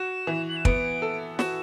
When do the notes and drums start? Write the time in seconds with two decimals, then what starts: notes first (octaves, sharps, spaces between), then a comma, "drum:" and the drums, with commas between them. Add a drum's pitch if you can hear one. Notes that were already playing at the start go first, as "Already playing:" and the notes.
Already playing: F#4 E7
0.27 E3
0.49 F#7
0.57 E7
0.65 B3 D7, drum: kick
1.02 A4
1.39 F#4 E7, drum: snare